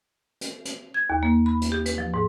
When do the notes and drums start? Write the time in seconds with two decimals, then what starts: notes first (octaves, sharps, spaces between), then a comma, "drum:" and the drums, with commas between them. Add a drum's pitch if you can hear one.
0.41 drum: hi-hat
0.65 drum: hi-hat
0.94 G#6
1.10 D#2
1.23 A#3
1.46 B5
1.62 drum: hi-hat
1.72 G4
1.86 B4, drum: hi-hat
1.98 F3
2.14 G#2